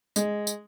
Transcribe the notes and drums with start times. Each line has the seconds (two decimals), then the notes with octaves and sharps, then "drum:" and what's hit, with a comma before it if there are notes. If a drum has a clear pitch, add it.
0.16 G#3, drum: tambourine
0.47 drum: tambourine